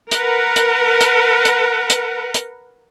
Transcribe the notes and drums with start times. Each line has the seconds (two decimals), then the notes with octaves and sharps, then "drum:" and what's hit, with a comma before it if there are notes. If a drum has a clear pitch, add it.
0.11 A#4 B4 F#5, drum: hi-hat
0.56 drum: hi-hat
1.01 drum: hi-hat
1.45 drum: hi-hat
1.90 drum: hi-hat
2.34 drum: hi-hat